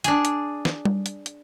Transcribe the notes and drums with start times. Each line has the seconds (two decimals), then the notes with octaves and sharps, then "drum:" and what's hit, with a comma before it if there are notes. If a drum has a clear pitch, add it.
0.04 D4 G#4, drum: hi-hat
0.25 drum: hi-hat
0.65 drum: snare
0.85 drum: tom G3
1.06 drum: hi-hat
1.26 drum: hi-hat